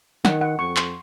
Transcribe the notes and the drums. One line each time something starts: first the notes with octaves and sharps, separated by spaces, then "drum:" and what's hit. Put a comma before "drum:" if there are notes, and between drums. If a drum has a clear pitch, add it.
D#3 F#5, drum: snare
F#5
F2 C#6
C6, drum: clap